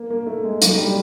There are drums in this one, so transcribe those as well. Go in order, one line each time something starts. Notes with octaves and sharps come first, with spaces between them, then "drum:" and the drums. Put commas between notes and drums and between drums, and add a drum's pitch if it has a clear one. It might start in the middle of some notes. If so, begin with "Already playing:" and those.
Already playing: A#3
A#3
A3
G#3
F#3, drum: hi-hat
G3